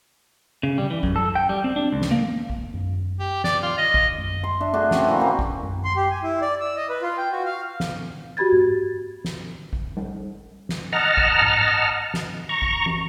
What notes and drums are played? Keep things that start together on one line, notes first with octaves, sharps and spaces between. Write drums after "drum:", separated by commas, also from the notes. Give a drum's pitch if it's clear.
C#3
G3
E3
F#2, drum: kick
A4
G5
G3
C4
D4
C#2
drum: snare
A#3
drum: kick
drum: tom F#2
G4
D5, drum: snare
F4
D#5
drum: kick
drum: tom F#2
C6
D4 E5
A3 D4 F#4 G#4
C4 C#4 F#4 A4, drum: snare
E3 A#3
A#3 C4
drum: kick
drum: tom F#2
C6
G4
G#5
E4
D5
E6
D#5
B4
F4
G5
F#4
F5
drum: snare
F#4 G4 B5 G#6 A6
drum: tom G#2
drum: snare
drum: kick
drum: tom G3
drum: snare
D#5 F#5 A5 A#5 F6
drum: kick
drum: tom G#2
drum: snare
A#5 C#6
drum: kick
drum: tom